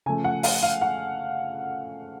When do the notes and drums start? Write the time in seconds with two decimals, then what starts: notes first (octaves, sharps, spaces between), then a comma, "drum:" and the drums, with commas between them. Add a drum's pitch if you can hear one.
0.06 C#3 F3 A3 G#5
0.24 F#5
0.43 F5, drum: open hi-hat
0.63 F5
0.81 F#5